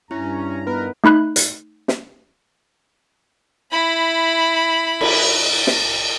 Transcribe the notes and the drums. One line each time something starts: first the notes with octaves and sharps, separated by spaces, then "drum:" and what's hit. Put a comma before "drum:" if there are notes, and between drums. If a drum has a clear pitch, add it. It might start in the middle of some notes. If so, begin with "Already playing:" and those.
G2 C#4 E4 A#5
B3 D#4 A#4 B4
A3 D#4 B5 F#6
drum: hi-hat
drum: snare
E4 B5
drum: cymbal
drum: snare